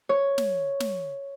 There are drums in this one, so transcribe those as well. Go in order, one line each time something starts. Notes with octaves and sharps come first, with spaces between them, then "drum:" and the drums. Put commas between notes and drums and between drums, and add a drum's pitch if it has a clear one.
C#5
drum: snare
drum: snare